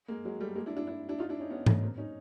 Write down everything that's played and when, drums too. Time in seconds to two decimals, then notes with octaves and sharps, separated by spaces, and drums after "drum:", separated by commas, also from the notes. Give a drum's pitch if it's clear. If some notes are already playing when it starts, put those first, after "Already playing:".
0.08 G#3 A#3
0.25 F#3 G#3
0.40 G3 A3
0.56 G#3 A#3
0.66 D4 E4
0.77 D4 E4
0.87 D4 E4
1.09 D4 E4
1.18 D#4 F4
1.29 D4 E4
1.40 C#4 D#4
1.50 B3 C#4
1.66 A3 B3, drum: tom G#2
1.83 A#3 C4
1.98 C#4 D#4